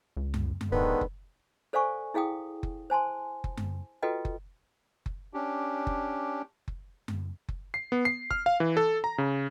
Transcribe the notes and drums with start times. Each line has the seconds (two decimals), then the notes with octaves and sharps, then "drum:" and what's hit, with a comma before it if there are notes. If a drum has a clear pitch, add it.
0.17 C#2
0.34 drum: tom F#2
0.61 drum: tom F#2
0.72 D1 G#2 D3 D#3 B3
1.01 drum: kick F#1
1.73 A4 C5 D5 F5 G#5 C#6
2.14 E4 G#4 F5 G5 D#6
2.63 drum: kick F#1
2.90 C5 G#5 A5 C6
3.44 drum: kick F#1
3.57 drum: tom F#2
4.03 F4 F#4 A4 B4 D#5 G5
4.25 drum: kick F#1
5.06 drum: kick F#1
5.34 C#4 D4 G4
5.87 drum: kick F#1
6.68 drum: kick F#1
7.08 drum: tom F#2
7.49 drum: kick F#1
7.74 C7
7.92 B3
8.05 C7
8.31 F6, drum: kick F#1
8.46 F5
8.60 E3
8.77 A4
9.04 A#5
9.18 C#3